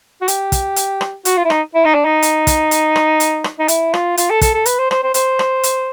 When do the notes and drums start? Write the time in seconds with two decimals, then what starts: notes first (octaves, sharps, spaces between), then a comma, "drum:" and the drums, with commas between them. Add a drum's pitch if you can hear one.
0.21 F#4
0.28 G4, drum: hi-hat
0.52 drum: kick, hi-hat
0.76 drum: hi-hat
1.01 drum: rim click
1.25 F#4, drum: hi-hat
1.37 F4
1.45 E4
1.50 D#4, drum: rim click
1.74 E4
1.84 D#4
1.94 D4
2.05 D#4
2.22 drum: hi-hat
2.47 drum: kick, hi-hat
2.71 drum: hi-hat
2.96 drum: rim click
3.20 drum: hi-hat
3.44 drum: rim click
3.59 D#4
3.68 E4, drum: hi-hat
3.94 F4, drum: rim click
4.17 F4, drum: hi-hat
4.30 A4
4.41 A4, drum: kick, hi-hat
4.54 A4
4.66 B4, drum: hi-hat
4.79 C5
4.91 C5, drum: rim click
5.03 C5
5.14 C5, drum: hi-hat
5.39 drum: rim click
5.63 drum: hi-hat